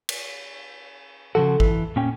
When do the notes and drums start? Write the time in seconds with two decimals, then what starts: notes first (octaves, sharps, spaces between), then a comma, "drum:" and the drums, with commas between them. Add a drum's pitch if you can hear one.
0.09 drum: cymbal
1.35 C#3 F3 F#4 A4
1.60 E3, drum: kick
1.96 A#2 C#4 G5